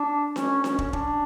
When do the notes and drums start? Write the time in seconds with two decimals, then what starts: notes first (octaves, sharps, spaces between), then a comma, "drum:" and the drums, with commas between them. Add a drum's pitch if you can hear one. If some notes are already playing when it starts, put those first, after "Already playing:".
Already playing: D4
0.36 C#4, drum: snare D4
0.64 C#4, drum: snare D4
0.79 drum: kick
0.93 D4, drum: kick